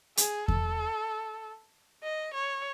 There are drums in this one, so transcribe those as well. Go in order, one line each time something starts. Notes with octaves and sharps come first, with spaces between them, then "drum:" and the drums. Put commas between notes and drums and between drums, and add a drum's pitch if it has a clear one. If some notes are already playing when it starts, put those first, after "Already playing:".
G#4, drum: hi-hat
A4, drum: kick E2
D#5
C#5